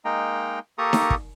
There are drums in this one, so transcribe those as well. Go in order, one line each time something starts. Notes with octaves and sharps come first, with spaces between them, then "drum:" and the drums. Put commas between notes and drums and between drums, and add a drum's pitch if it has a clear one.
G#3 A#3 D#4 G5 A#5
A#3 G4 A4 A#5 C#6 D#6
drum: snare D#4
drum: kick